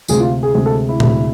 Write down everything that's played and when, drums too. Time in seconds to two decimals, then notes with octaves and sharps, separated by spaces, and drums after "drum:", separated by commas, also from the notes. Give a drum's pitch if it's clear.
0.08 D2 C3 G#3 G#4, drum: tambourine
0.20 F4
0.43 G#4
0.55 D2 C3 G#3 G#4
0.66 A4
0.89 E4
1.00 D2 C3 G#3 E4, drum: tom A#2